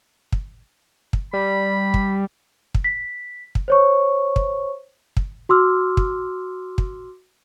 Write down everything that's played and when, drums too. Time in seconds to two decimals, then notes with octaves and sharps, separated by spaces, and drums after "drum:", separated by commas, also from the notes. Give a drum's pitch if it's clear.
0.32 drum: kick
1.13 drum: kick
1.33 G3 B5
1.94 drum: kick
2.75 drum: kick
2.84 B6
3.55 drum: kick
3.68 C5 C#5 C#6
4.36 drum: kick
5.17 drum: kick
5.49 F#4 C6 D6 E6 F6
5.97 drum: kick
6.78 drum: kick